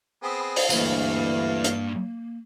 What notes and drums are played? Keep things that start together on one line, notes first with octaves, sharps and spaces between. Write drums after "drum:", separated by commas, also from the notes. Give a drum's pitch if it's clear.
B3 C4 G#4
drum: open hi-hat
D2 G2 E3 A#3 B4 F5, drum: tambourine
drum: hi-hat